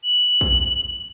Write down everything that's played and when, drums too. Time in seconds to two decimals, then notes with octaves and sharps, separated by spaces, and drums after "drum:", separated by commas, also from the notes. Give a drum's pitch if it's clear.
0.03 F#7
0.41 drum: kick